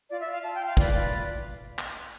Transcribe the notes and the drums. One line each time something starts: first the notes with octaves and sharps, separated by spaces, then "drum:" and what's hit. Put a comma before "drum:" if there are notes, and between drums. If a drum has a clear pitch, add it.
F4 D5
E5
F4
F5
F4 A5
G5
F4
F5
B4 D5, drum: kick
F4
drum: clap